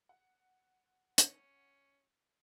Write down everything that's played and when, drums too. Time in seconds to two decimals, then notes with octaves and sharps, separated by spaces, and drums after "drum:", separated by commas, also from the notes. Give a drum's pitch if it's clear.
0.09 F#5
1.18 C#4, drum: hi-hat